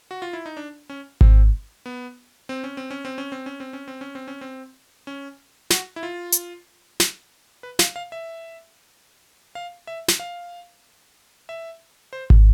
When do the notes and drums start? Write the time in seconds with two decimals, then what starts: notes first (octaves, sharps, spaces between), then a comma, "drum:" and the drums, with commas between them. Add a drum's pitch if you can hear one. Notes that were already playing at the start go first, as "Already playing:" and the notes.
0.11 F#4
0.22 F4
0.33 E4
0.46 D#4
0.57 D4
0.90 C#4
1.21 C4, drum: kick G#1
1.86 B3
2.49 C4
2.64 C#4
2.77 C4
2.91 C#4
3.05 C4
3.18 C#4
3.32 C4
3.46 C#4
3.60 C4
3.73 C#4
3.88 C4
4.01 C#4
4.15 C4
4.28 C#4
4.41 C4
5.07 C#4
5.70 F#4, drum: snare
5.96 E4
6.03 F4
6.32 drum: hi-hat
7.00 drum: snare
7.63 B4
7.79 F5, drum: snare
7.96 F5
8.12 E5
9.55 F5
9.87 E5
10.08 drum: snare
10.20 F5
11.49 E5
12.13 C5
12.30 drum: kick G#1